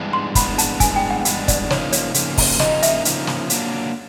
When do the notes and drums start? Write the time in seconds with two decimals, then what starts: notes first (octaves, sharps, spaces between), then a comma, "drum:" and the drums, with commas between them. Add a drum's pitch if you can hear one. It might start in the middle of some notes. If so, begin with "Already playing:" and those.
Already playing: G2 E3 G#3 B3 D4
0.13 C6
0.35 G2 E3 G#3 B3 D4 B5, drum: kick, hi-hat
0.58 A5, drum: hi-hat
0.80 G2 E3 G#3 B3 D4 G#5, drum: kick, hi-hat
0.96 G5
1.11 F#5
1.25 G2 E3 G#3 B3 D4 F#5, drum: hi-hat
1.48 D5, drum: kick, hi-hat
1.70 C#3 F3 A#3 D#4 C#5, drum: snare
1.92 C#5, drum: hi-hat
2.14 C#3 F3 A#3 D#4, drum: hi-hat
2.38 drum: kick, open hi-hat
2.59 C#3 F3 A#3 D#4 D#5, drum: snare
2.83 E5, drum: hi-hat
3.05 C#3 F3 A#3 D#4, drum: hi-hat
3.27 drum: snare
3.50 D3 F#3 A#3 D4, drum: hi-hat